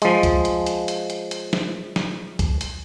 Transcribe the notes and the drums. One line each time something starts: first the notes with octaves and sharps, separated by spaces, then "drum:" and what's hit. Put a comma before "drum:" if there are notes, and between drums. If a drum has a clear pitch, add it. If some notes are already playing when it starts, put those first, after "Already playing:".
F3 G#3, drum: hi-hat
drum: kick C#2, hi-hat
drum: hi-hat
drum: hi-hat
drum: hi-hat
drum: hi-hat
drum: hi-hat
drum: snare
drum: snare
drum: kick C#2, hi-hat
drum: hi-hat